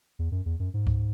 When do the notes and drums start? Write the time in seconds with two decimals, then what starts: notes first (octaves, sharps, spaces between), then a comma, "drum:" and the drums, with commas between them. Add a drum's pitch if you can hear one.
0.19 E2
0.32 F#2
0.46 E2
0.60 F#2
0.74 G#2
0.87 drum: kick C#2